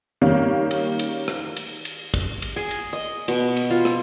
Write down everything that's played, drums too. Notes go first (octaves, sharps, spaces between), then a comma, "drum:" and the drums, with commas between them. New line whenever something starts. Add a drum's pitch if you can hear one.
D#3 G3 A#3 C#4 C#5
drum: cymbal
drum: cymbal
drum: rim click
drum: cymbal
drum: cymbal
drum: kick, cymbal
drum: cymbal
G#4
drum: cymbal
D#5
B2, drum: cymbal
drum: cymbal
F4
drum: rim click